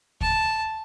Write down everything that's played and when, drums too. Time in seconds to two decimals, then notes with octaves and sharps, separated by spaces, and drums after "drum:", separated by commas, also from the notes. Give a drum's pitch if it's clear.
0.21 A5, drum: kick D2